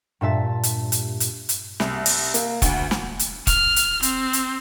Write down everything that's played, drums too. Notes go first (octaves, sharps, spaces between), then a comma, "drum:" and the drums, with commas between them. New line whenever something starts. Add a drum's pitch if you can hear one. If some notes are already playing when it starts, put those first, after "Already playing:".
G2 A#2 E5 A5
drum: hi-hat
drum: hi-hat
drum: hi-hat
drum: hi-hat
C2, drum: snare
drum: open hi-hat
A#3, drum: hi-hat
D2, drum: kick E1, hi-hat
drum: snare
drum: hi-hat
F6, drum: kick E1, hi-hat
drum: hi-hat
C4, drum: hi-hat
drum: hi-hat